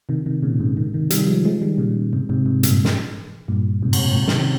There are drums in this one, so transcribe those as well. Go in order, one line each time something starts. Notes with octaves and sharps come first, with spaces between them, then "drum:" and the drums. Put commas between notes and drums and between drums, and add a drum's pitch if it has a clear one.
C3 D#3
C3 D#3
A#2 C#3
G#2 C3
C3 D#3
C3 D#3
D#3 G3, drum: hi-hat
F3 G#3
F3 G#3
D#3 G3
A#2 C#3
G#2 C3
G#2 C3
G#2 C3
G2 A#2, drum: hi-hat
drum: snare
G2 A#2
G#2 C3
G2, drum: cymbal
G2 A#2
G#2 C3
C#3, drum: snare
C3 D#3